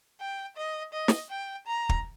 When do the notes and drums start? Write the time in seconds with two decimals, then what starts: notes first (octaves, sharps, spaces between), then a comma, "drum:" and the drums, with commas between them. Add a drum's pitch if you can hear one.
0.20 G5
0.56 D#5
0.93 D#5
1.08 drum: snare
1.30 G5
1.67 A#5
1.89 drum: kick